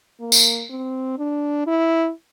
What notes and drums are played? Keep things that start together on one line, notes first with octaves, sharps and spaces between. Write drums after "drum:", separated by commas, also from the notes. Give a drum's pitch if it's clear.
A#3
drum: tambourine
C4
D4
E4